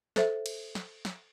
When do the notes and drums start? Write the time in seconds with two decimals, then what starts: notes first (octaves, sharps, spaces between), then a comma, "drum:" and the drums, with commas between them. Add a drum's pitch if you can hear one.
0.16 A4 C5 E5, drum: snare
0.46 drum: cymbal
0.75 drum: snare
1.05 drum: snare